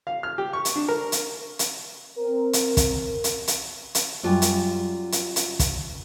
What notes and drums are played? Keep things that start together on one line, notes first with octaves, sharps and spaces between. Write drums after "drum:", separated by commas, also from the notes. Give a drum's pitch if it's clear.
F5
F6
G4
C#6
drum: hi-hat
D4
A#4
drum: hi-hat
drum: hi-hat
C4 A#4
drum: hi-hat
drum: kick, hi-hat
drum: hi-hat
drum: hi-hat
drum: hi-hat
F#2 G3 F4 G4 G5 G#5
drum: hi-hat
drum: hi-hat
drum: hi-hat
drum: kick, hi-hat